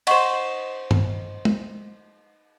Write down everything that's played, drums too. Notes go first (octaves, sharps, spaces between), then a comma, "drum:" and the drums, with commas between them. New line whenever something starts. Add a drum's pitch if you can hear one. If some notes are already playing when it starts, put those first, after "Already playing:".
D#4 C5 D#5 F#5 C#6, drum: cymbal
drum: tom G2
drum: tom